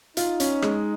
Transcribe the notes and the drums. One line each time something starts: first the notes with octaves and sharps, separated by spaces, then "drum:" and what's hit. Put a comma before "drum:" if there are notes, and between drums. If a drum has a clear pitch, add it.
D#4 F4, drum: hi-hat
C#4, drum: hi-hat
G#3, drum: rim click